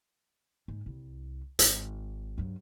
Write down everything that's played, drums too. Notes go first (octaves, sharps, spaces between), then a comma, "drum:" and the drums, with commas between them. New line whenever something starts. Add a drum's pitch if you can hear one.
G#2
C2
G#1, drum: hi-hat
G2 F#3